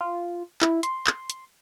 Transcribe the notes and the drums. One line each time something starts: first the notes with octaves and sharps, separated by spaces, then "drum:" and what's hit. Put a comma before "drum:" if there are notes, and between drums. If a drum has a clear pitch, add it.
F4
E4, drum: clap
C6, drum: hi-hat
drum: clap
drum: hi-hat